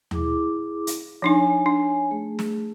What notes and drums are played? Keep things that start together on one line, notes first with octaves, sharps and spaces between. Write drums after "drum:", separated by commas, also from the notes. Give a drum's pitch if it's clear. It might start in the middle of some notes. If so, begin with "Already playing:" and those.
E4 G#4 D6, drum: tom D#2
drum: hi-hat
F3 D4 D#4 C#5 G#5
D4
A3 G#4
drum: snare